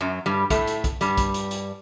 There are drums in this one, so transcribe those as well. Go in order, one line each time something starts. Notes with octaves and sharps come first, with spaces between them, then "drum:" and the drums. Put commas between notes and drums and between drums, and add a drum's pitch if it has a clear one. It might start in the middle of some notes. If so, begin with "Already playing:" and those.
F#2 F#3
G2 G3
A2 A3, drum: kick, hi-hat
drum: hi-hat
drum: kick, hi-hat
G2 G3, drum: hi-hat
drum: kick, hi-hat
drum: hi-hat
drum: hi-hat